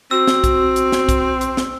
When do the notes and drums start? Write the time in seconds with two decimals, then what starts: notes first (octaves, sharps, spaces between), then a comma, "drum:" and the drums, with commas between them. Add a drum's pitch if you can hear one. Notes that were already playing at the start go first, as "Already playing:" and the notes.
0.11 C4 F#4 E6
0.27 drum: snare
0.44 drum: kick, hi-hat
0.76 drum: hi-hat
0.92 drum: snare
1.09 drum: kick, hi-hat
1.41 drum: hi-hat
1.57 drum: snare